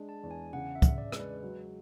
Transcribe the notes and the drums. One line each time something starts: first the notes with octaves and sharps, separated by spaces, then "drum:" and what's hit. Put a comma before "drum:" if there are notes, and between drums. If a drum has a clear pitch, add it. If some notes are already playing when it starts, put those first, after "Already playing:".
Already playing: G#3 D4
A5
E2
G#5
C#3 F#5
E5
C#3, drum: kick, hi-hat
D5
G#3, drum: rim click
B4
F#3